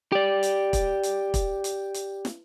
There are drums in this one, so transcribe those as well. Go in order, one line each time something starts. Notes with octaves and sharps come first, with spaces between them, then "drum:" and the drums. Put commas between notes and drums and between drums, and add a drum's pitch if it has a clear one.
G4 D5
drum: hi-hat
drum: kick, hi-hat
drum: hi-hat
drum: kick, hi-hat
drum: hi-hat
drum: hi-hat
drum: snare